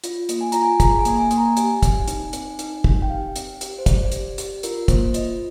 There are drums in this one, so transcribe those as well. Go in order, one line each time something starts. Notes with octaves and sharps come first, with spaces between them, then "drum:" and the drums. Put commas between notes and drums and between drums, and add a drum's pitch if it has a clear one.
F4, drum: hi-hat
A#3, drum: hi-hat
G#5
F4 A#5, drum: hi-hat
G#5
G#4 A#5, drum: kick, hi-hat
G#5
A#3, drum: hi-hat
G#5
A#3, drum: hi-hat
A#5
G4 G#5, drum: hi-hat
C4, drum: kick, hi-hat
D#4, drum: hi-hat
C4, drum: hi-hat
D#4, drum: hi-hat
C4, drum: kick
G5
G4 F5
C4, drum: hi-hat
G4, drum: hi-hat
C5
C4 D5, drum: kick, hi-hat
G4, drum: hi-hat
G4, drum: hi-hat
F4 A#4, drum: hi-hat
A#3 C5, drum: kick, hi-hat
F4 D#5, drum: hi-hat